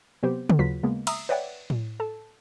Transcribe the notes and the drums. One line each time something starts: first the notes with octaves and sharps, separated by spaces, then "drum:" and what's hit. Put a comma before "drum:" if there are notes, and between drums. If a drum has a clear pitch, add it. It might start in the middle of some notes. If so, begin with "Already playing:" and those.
C3 F#3 B3 C4 G4 C5
drum: tom C#3
D#2 F#3 F4 F#4 B4 B6
C#3 G#3 A#3 B3
E5 A#5 D#6 E6, drum: cymbal
B4 C#5 D5 E5 F#5 G5
drum: tom A2
A4 A5